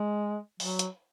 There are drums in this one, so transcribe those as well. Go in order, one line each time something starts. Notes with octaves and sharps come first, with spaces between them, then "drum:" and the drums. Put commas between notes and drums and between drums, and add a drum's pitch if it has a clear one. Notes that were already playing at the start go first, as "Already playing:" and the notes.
Already playing: G#3
F#3, drum: open hi-hat
drum: hi-hat